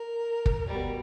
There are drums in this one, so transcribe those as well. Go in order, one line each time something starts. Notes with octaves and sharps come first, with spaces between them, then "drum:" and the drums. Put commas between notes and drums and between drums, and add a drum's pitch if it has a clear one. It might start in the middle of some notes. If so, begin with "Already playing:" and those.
Already playing: A#4
drum: kick
B2 G3